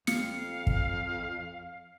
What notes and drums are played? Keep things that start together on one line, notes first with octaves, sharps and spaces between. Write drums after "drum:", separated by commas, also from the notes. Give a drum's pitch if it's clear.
F2 F5 C#7, drum: snare
drum: kick